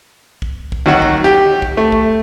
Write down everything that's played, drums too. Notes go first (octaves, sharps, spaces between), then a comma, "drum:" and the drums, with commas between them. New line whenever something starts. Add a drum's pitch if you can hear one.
drum: kick
drum: kick
D#2 F#3 F#4
drum: kick
G4
drum: kick
A3
drum: kick